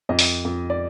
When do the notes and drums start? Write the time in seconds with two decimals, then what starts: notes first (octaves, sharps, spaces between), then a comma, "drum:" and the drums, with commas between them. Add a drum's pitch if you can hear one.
0.09 F2 D#5
0.19 drum: open hi-hat
0.45 F2
0.70 D5